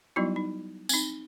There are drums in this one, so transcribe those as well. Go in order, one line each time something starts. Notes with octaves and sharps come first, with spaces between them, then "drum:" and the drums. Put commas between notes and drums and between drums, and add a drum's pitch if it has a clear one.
F#3 G3 B3 D#4 E4 F#4
D#4
C4 D#4, drum: tambourine